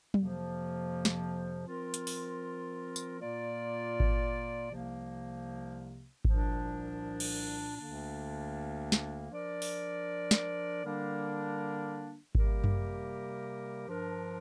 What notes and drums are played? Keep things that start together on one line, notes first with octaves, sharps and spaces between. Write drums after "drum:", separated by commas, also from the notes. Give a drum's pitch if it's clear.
F2 C3 F3 A#3, drum: tom F#3
drum: snare
F3 C4 F4 A#4
drum: hi-hat
drum: open hi-hat
drum: tambourine
A#2 A#3 F4 D5
drum: kick G#1
C2 C3 F3 A#3
C2 A#2 F3 D4 A#4, drum: kick G#1
drum: cymbal
D2 D3 A#3 D4
drum: snare
F3 D4 A#4 D5
drum: open hi-hat
drum: snare
D3 G3 A#3 D4 A#4
C3 G3 A#3 G4 A#4, drum: kick G#1
drum: tom F#2
G2 F3 D4 A#4